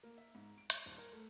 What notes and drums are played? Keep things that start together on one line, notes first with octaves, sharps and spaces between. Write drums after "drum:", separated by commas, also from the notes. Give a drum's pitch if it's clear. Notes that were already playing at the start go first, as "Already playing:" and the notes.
A#3
E5
G#2
D7
G#6, drum: hi-hat
D#1
A#4
A3